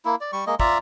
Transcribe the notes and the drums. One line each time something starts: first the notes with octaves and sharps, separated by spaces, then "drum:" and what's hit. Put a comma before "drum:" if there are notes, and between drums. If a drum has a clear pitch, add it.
A#3 E4
D5
G3 C#6
G#3 A#3 D#5
F4 D5 E5 A#5, drum: kick